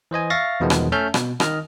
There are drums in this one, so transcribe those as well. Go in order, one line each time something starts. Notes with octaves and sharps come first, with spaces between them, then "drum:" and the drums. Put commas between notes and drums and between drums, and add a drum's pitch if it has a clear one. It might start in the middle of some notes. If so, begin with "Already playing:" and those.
E3 C5 D#5 G#5
E5 F5 C#6 A6 A#6
E2 B2 D#3 F3 G#3 B3
drum: rim click
A3 C#4 E5 A5 F6 G6
B2, drum: rim click
D#3 D#5 F6, drum: rim click